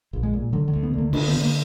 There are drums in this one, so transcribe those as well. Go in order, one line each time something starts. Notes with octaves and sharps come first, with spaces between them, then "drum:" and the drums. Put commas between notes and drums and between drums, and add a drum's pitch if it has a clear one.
A#1
G#3
A#2
D3 F#3
F#3
D2
B3
D3 A#3
D3 D4, drum: cymbal
B3
D3
A#3